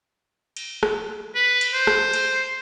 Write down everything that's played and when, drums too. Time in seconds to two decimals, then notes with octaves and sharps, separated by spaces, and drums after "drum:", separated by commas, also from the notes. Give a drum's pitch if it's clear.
0.57 drum: cymbal
0.83 drum: rim click
1.35 B4
1.61 drum: cymbal
1.74 C5
1.87 drum: rim click
2.13 drum: cymbal